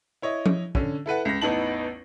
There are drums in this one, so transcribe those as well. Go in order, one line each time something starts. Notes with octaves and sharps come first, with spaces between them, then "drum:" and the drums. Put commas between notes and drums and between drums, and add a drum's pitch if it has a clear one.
E4 C#5 D#5
drum: tom F3
D3 C#4, drum: kick
E4 A4 B4 F#5
C#2 A#6
A1 E2 B3 D#4 A5 F#7